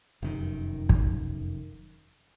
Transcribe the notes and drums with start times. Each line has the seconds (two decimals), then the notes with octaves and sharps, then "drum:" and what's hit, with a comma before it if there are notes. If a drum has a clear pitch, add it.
0.22 F1 F#2 B2 D#3
0.89 drum: kick